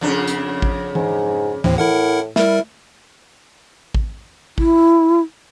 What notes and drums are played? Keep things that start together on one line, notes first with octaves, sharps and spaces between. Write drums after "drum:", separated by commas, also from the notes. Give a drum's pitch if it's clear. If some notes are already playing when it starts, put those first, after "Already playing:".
F2 C#3 D4
drum: hi-hat
drum: kick A1
G#2, drum: tom E3
D#2 A2 C4, drum: tom E3
A2 E4 A#4 F#5
G3 E4 A#4, drum: snare
drum: kick A1
E4, drum: kick A1